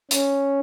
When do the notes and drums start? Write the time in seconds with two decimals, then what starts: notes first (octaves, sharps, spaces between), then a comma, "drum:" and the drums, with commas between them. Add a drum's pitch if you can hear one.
0.11 C#4, drum: hi-hat